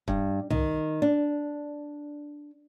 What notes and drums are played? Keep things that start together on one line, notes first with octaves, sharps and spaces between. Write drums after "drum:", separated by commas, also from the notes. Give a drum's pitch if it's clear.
G2, drum: kick
D#3, drum: tom C2
D4